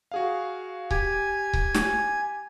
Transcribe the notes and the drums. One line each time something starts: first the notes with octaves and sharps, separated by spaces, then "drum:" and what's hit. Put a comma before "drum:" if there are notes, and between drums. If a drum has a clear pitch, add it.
F#4 G#4 F5
G4 G#5, drum: kick C#1
drum: kick C#1
drum: snare